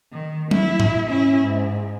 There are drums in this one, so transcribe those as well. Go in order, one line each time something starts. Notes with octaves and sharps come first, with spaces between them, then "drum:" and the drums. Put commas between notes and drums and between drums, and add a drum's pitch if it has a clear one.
D#3
E4, drum: tom F#3
drum: tom G#2
C#4 E4
G#2